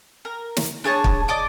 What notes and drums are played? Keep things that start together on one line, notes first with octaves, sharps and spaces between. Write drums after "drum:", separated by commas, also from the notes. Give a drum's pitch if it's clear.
A#4
drum: snare
D4 G#4 C#5 A5
drum: kick
D5 D#5 D6 D#6